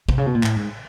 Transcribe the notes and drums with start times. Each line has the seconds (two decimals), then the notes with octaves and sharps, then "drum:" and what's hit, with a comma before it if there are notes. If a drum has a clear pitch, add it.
0.09 C3, drum: kick
0.18 C#3
0.26 B2
0.35 A#2
0.43 A2, drum: clap
0.56 G#2